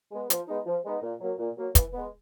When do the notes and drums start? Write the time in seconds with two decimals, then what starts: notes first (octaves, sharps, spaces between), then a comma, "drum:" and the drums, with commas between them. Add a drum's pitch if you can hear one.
0.12 G#3 B3
0.30 F3, drum: hi-hat
0.48 G#3 B3 D#4
0.66 F3
0.85 G#3 B3 D#4
1.02 A#2
1.21 F#3 A#3
1.39 A#2
1.57 F#3 A#3
1.75 E3, drum: kick, hi-hat
1.94 G#3 B3